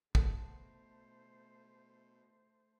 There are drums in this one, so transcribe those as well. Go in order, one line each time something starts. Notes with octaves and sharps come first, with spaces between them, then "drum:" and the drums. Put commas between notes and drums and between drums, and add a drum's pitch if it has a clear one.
B2 A3 C5 F#5 A5, drum: kick